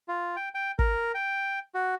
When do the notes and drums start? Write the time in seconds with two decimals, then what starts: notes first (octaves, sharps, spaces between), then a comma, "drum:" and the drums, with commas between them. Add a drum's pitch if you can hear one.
0.08 F4
0.36 G5
0.55 G5
0.79 A#4, drum: kick
1.15 G5
1.75 F#4